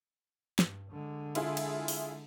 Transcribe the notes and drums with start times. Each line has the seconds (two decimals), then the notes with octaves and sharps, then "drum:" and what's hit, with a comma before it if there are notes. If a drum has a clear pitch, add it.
0.59 G2, drum: snare
0.90 D3 G#3
1.35 E4 F4 G#4, drum: cymbal
1.57 drum: cymbal
1.88 drum: open hi-hat